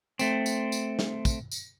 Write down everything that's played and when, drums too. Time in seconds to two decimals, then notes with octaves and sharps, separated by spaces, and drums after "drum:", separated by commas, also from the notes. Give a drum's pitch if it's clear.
0.19 A3 C4, drum: tambourine
0.46 drum: tambourine
0.72 drum: tambourine
0.99 drum: snare
1.25 drum: kick, tambourine
1.52 drum: tambourine